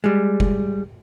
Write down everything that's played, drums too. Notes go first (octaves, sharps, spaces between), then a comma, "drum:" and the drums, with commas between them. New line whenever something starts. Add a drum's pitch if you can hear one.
G3 G#3
drum: kick F#1